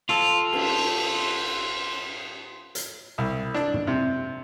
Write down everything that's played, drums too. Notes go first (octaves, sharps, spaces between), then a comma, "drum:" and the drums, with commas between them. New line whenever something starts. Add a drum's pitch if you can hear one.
F4 A4
drum: cymbal
drum: hi-hat
C2
D4, drum: snare
drum: tom
C3